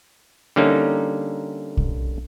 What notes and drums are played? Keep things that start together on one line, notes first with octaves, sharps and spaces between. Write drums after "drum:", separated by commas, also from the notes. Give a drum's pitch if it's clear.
D3 G3 A#3 C#4 D#4
drum: kick